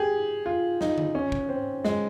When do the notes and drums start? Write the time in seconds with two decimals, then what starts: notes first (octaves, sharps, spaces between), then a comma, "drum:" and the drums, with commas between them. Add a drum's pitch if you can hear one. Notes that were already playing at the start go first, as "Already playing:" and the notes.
Already playing: G4 G#4
0.46 F4
0.81 D#4, drum: snare
0.98 drum: tom D3
1.15 C#4
1.32 drum: kick
1.49 C4
1.84 G#3, drum: snare